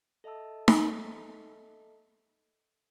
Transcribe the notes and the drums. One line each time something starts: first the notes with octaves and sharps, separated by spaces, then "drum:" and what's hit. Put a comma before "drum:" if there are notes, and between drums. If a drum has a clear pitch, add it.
A4 D#5 E5 A5 E6
drum: snare D#4